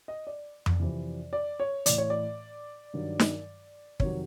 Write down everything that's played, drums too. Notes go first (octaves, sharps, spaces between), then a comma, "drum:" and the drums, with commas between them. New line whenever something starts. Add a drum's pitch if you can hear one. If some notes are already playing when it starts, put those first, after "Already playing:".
D#5
D5
drum: tom F2
F2 C3 E3
D5
C#5
A2 E3 D5, drum: hi-hat
C#5
D5
G2 D#3 F#3
drum: snare
F2 C3 D#3 F#3 C#5, drum: kick